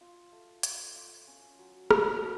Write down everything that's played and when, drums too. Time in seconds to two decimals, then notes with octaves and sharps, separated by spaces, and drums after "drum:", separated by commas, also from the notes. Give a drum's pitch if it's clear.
0.01 F4
0.32 A3
0.63 F4, drum: hi-hat
0.96 F4
1.28 C#4
1.59 F#3
1.91 F#4, drum: rim click
2.22 A#3